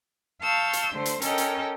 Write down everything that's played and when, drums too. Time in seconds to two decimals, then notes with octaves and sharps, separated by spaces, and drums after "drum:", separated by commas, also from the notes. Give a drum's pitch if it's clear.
0.42 F5 A5 C#6 E6 G6
0.73 drum: hi-hat
0.92 D3 A3 C5
1.06 drum: hi-hat
1.22 C#4 A4 A#4 D#5 G5, drum: hi-hat
1.38 drum: hi-hat